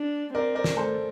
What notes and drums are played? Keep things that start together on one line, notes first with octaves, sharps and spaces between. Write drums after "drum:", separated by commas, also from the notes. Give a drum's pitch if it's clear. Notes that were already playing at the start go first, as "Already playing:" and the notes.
Already playing: D4
C4 A#4 D5
A#4 D5
drum: snare
A3 A4 C5